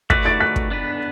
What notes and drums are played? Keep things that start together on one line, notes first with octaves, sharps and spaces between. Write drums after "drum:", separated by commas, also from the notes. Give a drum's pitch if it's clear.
A3 F#4 B4 D5 F#6 B6, drum: kick
A6 D7
F#6 B6
drum: kick
B3 D4 B4